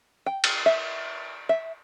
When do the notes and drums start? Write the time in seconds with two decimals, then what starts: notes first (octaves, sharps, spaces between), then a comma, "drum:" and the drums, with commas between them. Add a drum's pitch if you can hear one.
0.26 G5
0.44 drum: cymbal
0.66 E5
1.49 E5